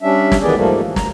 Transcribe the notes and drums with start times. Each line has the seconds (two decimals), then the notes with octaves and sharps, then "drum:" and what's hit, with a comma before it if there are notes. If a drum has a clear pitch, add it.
0.02 G3 C#4 D4 E5
0.32 drum: snare
0.42 D2 D#3 E3 B3 G#4 D5
0.56 G#2 F3 G3 A3 A#3
0.84 E3
0.96 D2 A#5, drum: snare